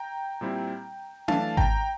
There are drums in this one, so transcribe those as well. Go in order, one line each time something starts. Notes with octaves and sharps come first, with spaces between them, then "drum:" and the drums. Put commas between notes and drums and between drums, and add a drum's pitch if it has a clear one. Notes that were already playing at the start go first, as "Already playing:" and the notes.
Already playing: G5 A#5
A#2 G3 C4 E4
E3 A3 D4 F5 A5, drum: tom C#4
G5 A#5, drum: kick G#1